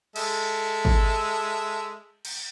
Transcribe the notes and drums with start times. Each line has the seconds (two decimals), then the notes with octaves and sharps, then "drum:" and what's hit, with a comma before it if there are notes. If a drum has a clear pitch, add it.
0.16 G#3 A4 E5, drum: cymbal
0.85 drum: kick
2.25 drum: cymbal